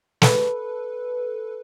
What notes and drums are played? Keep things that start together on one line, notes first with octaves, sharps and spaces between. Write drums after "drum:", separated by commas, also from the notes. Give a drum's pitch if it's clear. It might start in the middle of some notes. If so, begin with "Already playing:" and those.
A4 B4, drum: snare